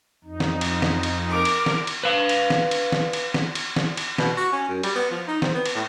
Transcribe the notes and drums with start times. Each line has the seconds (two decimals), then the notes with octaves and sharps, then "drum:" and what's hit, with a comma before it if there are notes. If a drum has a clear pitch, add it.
0.25 F2 D#4
0.40 drum: snare
0.61 drum: cymbal
0.82 drum: snare
1.03 drum: cymbal
1.29 A#4 D6
1.45 drum: cymbal
1.66 drum: snare
1.87 drum: cymbal
2.03 B4 F5
2.29 drum: cymbal
2.50 drum: snare
2.71 drum: cymbal
2.92 drum: snare
3.13 drum: cymbal
3.34 drum: snare
3.55 drum: cymbal
3.76 drum: snare
3.97 drum: cymbal
4.18 B2, drum: snare
4.37 F#4
4.52 C#4
4.69 F#2
4.83 G3, drum: cymbal
4.95 B3
5.11 F3
5.28 D#4
5.42 C4, drum: snare
5.54 B3
5.66 drum: cymbal
5.75 A2